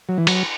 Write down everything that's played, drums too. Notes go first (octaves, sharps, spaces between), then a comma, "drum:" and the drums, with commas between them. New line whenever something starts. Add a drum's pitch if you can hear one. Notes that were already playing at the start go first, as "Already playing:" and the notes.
F#3
E3
F#3, drum: cymbal